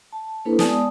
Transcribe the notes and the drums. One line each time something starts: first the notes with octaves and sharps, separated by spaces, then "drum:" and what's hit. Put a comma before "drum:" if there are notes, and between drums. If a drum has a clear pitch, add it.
A5
A#3 D4 E4 A4 B4 C5
G#3 B3 D5 G#5 A5 D#6, drum: snare